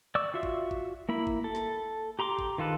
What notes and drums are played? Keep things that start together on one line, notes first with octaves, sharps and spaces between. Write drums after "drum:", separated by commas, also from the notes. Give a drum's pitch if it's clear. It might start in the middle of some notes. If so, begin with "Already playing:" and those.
D5 C#6 D6 E6
F4 F#4 E5
drum: kick G1
drum: kick G1
A#3 E4 B5
drum: kick G1
A4
drum: snare
G4 A#5 C6 D6
drum: kick G1
D#3 F4 A4 B4